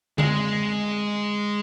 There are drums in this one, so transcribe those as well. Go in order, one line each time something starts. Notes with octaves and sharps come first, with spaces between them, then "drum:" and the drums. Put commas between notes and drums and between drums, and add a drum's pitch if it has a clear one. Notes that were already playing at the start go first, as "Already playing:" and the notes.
G#3, drum: tom D3